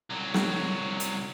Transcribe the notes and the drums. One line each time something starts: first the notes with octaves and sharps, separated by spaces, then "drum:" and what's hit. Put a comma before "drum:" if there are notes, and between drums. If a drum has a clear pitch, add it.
C2 F#3
drum: snare
drum: hi-hat